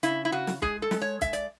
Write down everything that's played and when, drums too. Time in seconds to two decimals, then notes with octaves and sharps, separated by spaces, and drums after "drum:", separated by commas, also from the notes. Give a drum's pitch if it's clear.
0.03 C#3 E4, drum: hi-hat
0.25 E4
0.32 C#3 F#4
0.47 drum: snare
0.62 G#3 G#4, drum: kick
0.82 A4
0.91 G#3, drum: snare
1.02 C#5
1.21 G#3 E5, drum: kick, hi-hat
1.33 D5, drum: hi-hat